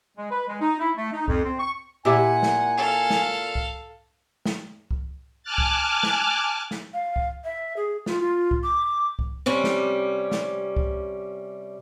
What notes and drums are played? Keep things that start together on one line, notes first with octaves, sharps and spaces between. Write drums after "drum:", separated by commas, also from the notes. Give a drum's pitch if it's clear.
G#3
B4
G#3
D#4
E4
A3
D#4
F2, drum: kick C2
C4
C#6
A#2 E4 G4 E5 F#5 G#5
drum: snare
A4 F5
drum: snare
drum: kick C2
drum: snare
drum: kick C2
G#5 A5 D6 F6 F#6 A6
drum: kick C2
drum: snare
drum: snare
F5
drum: kick C2
E5
G#4
F4, drum: snare
F4
drum: kick C2
D6
drum: kick C2
C3 G3 C#4
drum: snare
drum: snare
drum: kick C2